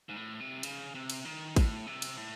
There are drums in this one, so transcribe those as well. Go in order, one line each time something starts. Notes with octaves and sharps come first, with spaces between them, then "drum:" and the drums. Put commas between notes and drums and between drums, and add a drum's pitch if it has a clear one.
G#2
A2
C3
C#3, drum: cymbal
C3
drum: cymbal
D#3
A2, drum: kick A1, cymbal
C3
drum: cymbal
A2